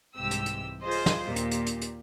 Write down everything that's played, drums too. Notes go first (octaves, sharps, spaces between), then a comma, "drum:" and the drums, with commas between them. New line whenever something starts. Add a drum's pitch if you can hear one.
C2 G#2 C3 E3 G4 E6
drum: hi-hat
drum: hi-hat
F4 G#4 C5 D#5
drum: open hi-hat
drum: snare
D#2 A#2 G4
drum: hi-hat
drum: hi-hat
drum: hi-hat
drum: hi-hat